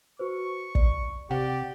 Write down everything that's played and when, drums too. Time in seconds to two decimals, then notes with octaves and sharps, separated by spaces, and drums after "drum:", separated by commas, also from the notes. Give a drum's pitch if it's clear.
0.19 F#4 B4 C5 C#6
0.75 D5, drum: kick
1.31 C3 G4 D5 F#5